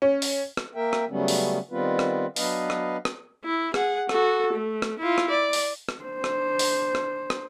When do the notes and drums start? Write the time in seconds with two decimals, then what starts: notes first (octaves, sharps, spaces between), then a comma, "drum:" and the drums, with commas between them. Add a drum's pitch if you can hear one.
0.02 C#4
0.22 drum: open hi-hat
0.57 drum: rim click
0.75 A#3 A#4 E5 G5
0.93 drum: rim click
1.09 C#3 F#3 G3 A3 B3 C#4
1.28 drum: open hi-hat
1.71 D#3 G3 B3 C4 F4 B4
1.99 drum: rim click
2.36 F#3 B3 D4 B4 D#5 F5, drum: open hi-hat
2.70 drum: rim click
3.05 drum: rim click
3.45 E4
3.74 G#4 F#5, drum: rim click
4.09 F#4 A4, drum: rim click
4.53 A3
4.82 drum: rim click
4.99 E4 F4
5.18 drum: rim click
5.30 D5
5.53 drum: open hi-hat
5.89 drum: rim click
6.02 D4 C5
6.24 drum: rim click
6.59 drum: open hi-hat
6.95 drum: rim click
7.30 drum: rim click